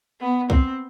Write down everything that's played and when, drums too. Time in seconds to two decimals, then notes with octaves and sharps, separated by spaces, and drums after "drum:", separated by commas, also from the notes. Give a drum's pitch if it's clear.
0.20 B3
0.50 C4, drum: kick